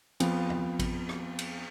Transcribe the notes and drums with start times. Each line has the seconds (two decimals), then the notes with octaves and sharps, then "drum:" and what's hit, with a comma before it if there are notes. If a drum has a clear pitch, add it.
0.20 F2 F3 B3, drum: cymbal
0.50 drum: tom E2
0.79 drum: kick A1, cymbal
1.09 drum: rim click
1.39 drum: cymbal